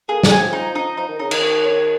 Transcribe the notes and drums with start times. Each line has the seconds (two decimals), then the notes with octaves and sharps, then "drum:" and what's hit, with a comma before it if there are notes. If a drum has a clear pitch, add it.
0.09 A#3 G#4
0.23 F#3, drum: snare
0.31 G#5
0.39 F3
0.53 D#4
0.75 D#4
0.97 F3 D#4
1.09 D#3
1.19 C#3 D#4
1.31 D#3, drum: cymbal
1.42 C#5
1.64 C#5